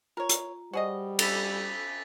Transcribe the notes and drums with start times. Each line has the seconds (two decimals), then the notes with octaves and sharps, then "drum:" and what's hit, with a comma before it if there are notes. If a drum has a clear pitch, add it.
0.17 F4 A#4 C#5 A#5
0.29 drum: hi-hat
0.73 G3 F#4 G#4 C5 D5 D#5
1.19 A4 D6 E6 A6 B6, drum: cymbal